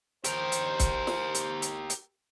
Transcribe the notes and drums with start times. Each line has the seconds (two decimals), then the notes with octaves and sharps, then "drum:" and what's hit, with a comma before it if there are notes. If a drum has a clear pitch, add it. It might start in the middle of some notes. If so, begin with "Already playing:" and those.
0.24 G4 A#4 C5, drum: hi-hat
0.52 drum: hi-hat
0.80 drum: kick, hi-hat
1.07 drum: snare
1.35 drum: hi-hat
1.62 drum: hi-hat
1.90 drum: hi-hat